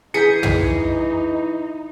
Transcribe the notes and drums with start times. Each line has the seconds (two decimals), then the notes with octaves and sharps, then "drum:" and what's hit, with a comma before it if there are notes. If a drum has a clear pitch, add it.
0.14 E3 D#4 G#4 G6 B6 C#7
0.43 drum: tom